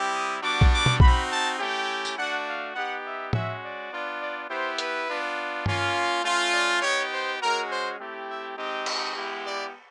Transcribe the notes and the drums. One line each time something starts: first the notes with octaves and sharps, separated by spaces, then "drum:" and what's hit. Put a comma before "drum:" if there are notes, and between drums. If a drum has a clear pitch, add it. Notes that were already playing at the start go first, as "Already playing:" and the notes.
Already playing: G3 C4 E4 G4
D#6
G3 B3 D4 F#4 D6
drum: kick A#1
D6
drum: tom B2
C4 D#4 F#4 B5, drum: kick A#1
A5
A3 C#4 E4 G4 G5
drum: tambourine
A3 D4 F#4 F#5
F5
B3 D#4 G4 F#5
E5
G#3 C#4 F#4 E5, drum: tom A2
D5
B3 D4 F4
D5
B3 E4 G4 C5
B4, drum: hi-hat
B3 D4 F4
A#3 C#4 F4, drum: tom G2
A3 C#4 F4
D5
B3 D#4 G4 C#5
C5
G#3 C#4 F#4 A#4
C5
A3 C4 E4 G4
E5
G#3 C4 D#4 G4 D#5
drum: cymbal
G#3 B3 E4 G4
D5